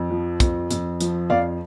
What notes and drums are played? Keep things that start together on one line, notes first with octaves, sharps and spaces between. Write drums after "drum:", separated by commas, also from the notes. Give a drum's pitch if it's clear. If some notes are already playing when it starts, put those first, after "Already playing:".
Already playing: F2
F3
F2, drum: kick, hi-hat
F2, drum: hi-hat
F3, drum: hi-hat
F2 D5 F5